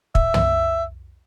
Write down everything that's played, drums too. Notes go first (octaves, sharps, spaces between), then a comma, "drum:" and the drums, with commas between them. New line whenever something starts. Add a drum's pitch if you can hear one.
E5, drum: kick
drum: tom